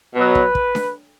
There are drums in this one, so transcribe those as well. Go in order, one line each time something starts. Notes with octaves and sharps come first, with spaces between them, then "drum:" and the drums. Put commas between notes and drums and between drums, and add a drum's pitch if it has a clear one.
B2 F#3 B4
drum: kick
drum: kick
drum: snare D4